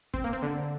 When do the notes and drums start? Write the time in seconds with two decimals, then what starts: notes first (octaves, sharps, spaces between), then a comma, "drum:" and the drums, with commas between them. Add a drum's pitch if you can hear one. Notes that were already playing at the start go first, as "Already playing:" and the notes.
0.14 C4, drum: kick
0.24 A#3
0.33 C4
0.42 D3